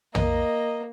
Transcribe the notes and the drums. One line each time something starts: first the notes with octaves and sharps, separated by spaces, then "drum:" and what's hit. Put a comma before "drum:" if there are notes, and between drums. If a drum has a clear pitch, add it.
A#3 D#5, drum: tom